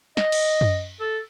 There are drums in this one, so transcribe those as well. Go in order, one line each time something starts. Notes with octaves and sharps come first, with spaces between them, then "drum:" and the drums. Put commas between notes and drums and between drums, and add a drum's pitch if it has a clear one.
D#5, drum: snare
drum: cymbal
drum: tom F#2
A4